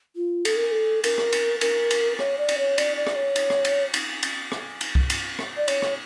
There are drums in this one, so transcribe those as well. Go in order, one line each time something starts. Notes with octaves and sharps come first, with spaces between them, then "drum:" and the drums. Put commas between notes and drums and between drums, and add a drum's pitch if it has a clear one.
F4
A4, drum: cymbal
A#4
A#4
A4
A#4, drum: cymbal
drum: rim click
drum: cymbal
A#4, drum: cymbal
drum: cymbal
C#5, drum: rim click
D5
drum: cymbal
C#5
D5, drum: cymbal
D5
drum: rim click
C#5
drum: cymbal
drum: rim click
drum: cymbal
drum: cymbal
drum: cymbal
drum: rim click
drum: cymbal
drum: kick
drum: cymbal
drum: rim click
D5
C#5, drum: cymbal
drum: rim click